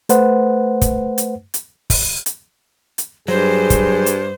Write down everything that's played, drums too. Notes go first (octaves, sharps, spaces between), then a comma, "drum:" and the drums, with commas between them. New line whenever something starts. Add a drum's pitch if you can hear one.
A3 B4 C5 F#5, drum: hi-hat
drum: kick, hi-hat
drum: hi-hat
drum: hi-hat
drum: kick, open hi-hat
drum: hi-hat
drum: hi-hat
G2 F#3 G#4 C5
drum: kick, hi-hat
drum: hi-hat